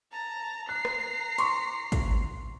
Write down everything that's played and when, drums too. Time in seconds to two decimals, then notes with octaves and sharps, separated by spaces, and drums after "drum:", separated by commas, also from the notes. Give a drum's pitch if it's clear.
0.12 A5 A#5
0.69 A#5 F#6 C7
0.85 drum: rim click
1.38 C6 C#6, drum: hi-hat
1.92 drum: kick, hi-hat